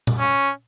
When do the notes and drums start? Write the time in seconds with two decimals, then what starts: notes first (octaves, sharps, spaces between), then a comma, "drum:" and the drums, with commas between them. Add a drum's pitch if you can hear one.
0.07 drum: tom A#2
0.19 C#4